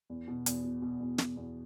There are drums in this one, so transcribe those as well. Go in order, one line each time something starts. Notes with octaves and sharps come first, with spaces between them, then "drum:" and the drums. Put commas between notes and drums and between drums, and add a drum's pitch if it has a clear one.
E2
B2
E2, drum: hi-hat
B2
B2
E2
B2, drum: snare
E2